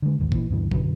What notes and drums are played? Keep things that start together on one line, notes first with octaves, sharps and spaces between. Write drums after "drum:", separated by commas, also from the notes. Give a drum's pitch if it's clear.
D3 G#3
A#1 D#2 G#2
A#2 E3, drum: kick
D2 G2 B2 E3
F#2 B2 D3 F#3, drum: kick